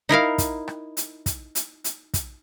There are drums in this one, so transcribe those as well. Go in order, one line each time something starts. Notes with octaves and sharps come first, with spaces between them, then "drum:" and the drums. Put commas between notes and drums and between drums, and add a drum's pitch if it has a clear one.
D#4 E4 A#4 F5
drum: kick, hi-hat
drum: rim click
drum: hi-hat
drum: kick, hi-hat
drum: hi-hat
drum: hi-hat
drum: kick, hi-hat